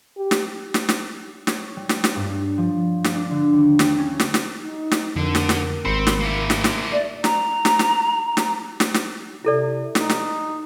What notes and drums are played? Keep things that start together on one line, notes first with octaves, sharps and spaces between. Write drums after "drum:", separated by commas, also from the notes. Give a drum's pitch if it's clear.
G4
drum: snare
drum: snare
drum: snare
C#5, drum: snare
G3
drum: snare
drum: snare
G2
F3
drum: snare
D4
D3
D#2
G5, drum: snare
C#4
drum: snare
drum: snare
D#4
drum: snare
F2 D3 A#4
drum: snare
drum: snare
G#1 C4 B5 C#7
drum: snare
A#3 E4
drum: snare
drum: snare
D5 E5
A#5, drum: snare
drum: snare
drum: snare
drum: snare
drum: snare
drum: snare
C3 E4 A4 D5
D#4, drum: snare
drum: snare